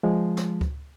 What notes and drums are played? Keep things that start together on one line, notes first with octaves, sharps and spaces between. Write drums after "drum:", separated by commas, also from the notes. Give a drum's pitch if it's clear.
F3 G#3
drum: snare
drum: kick C#2